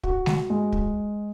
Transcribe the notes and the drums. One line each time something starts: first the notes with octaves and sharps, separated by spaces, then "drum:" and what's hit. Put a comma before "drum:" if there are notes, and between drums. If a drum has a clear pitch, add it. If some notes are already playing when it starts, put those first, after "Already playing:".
F#4, drum: kick
drum: snare G#3
G#3
drum: kick